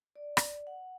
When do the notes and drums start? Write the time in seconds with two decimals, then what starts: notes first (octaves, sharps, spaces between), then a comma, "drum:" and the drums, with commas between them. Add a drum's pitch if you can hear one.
0.15 D5
0.37 drum: rim click
0.67 F#5